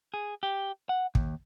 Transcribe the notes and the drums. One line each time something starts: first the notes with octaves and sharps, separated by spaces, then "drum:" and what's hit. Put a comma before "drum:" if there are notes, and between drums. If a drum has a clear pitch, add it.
G#4
G4
F#5
D#2, drum: kick